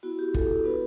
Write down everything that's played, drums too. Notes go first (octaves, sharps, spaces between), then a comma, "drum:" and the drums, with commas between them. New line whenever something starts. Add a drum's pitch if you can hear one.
B3 E4 F#4
G4
A4, drum: kick
B3 D4 F#4 B4